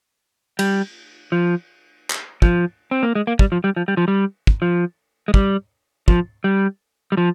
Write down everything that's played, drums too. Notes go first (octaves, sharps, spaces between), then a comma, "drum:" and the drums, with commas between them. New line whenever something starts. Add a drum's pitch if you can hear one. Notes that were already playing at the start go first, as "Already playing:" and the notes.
G3, drum: cymbal
F3
drum: clap
F3, drum: kick
C4
A#3
G#3
A#3
G3, drum: kick
F3
G3
F3
G3
F3
G3
drum: kick
F3
G#3
G3, drum: kick
F3, drum: kick
G3
G3
F3